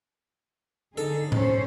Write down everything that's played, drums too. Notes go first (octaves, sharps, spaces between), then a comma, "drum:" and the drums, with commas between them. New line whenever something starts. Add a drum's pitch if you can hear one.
D3 D#4 G#4 A4
C#4 C5 C#5, drum: tom A2